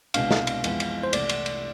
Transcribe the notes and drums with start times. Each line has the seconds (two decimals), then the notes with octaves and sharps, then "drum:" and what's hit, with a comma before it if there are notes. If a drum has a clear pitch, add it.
0.14 C2 B2 G#3 D4 F5, drum: cymbal
0.31 drum: snare
0.47 drum: cymbal
0.64 F2 E3 G#3 B3 E4, drum: cymbal
0.80 drum: cymbal
1.03 C5
1.13 C2 C3 E3 A3 D5, drum: cymbal
1.29 drum: cymbal
1.46 drum: cymbal